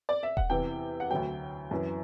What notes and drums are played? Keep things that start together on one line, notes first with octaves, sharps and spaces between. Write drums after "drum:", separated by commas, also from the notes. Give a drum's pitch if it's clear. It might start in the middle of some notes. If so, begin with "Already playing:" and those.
D5
E5
F#5, drum: kick D#1
E2 C3 E3 G5
F#5
D2 D3 F#3 G5
F#2 E3